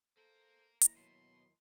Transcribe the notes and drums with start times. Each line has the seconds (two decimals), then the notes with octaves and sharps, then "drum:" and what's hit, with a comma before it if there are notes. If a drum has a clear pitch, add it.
0.17 A#3 A4 A#4 C5
0.81 D#2 E4 A#5, drum: hi-hat
0.97 B2 F#3 C6